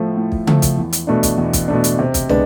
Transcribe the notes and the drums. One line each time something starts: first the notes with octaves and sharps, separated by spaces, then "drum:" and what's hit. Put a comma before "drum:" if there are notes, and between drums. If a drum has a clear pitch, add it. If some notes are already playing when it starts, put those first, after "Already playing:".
Already playing: A2 F3 A3
A2
drum: kick
F3 A3, drum: tom C#3
drum: kick, hi-hat
E2
drum: hi-hat
B2 A3 D4
drum: kick, hi-hat
E2
drum: kick, hi-hat
B2 A3 D4
drum: hi-hat
C3
drum: kick, hi-hat
G#3 B3 D4, drum: tom